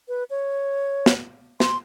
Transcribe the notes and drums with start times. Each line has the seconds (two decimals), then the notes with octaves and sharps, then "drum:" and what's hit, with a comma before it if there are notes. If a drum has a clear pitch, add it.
0.08 B4
0.30 C#5
1.06 drum: snare
1.60 C6, drum: snare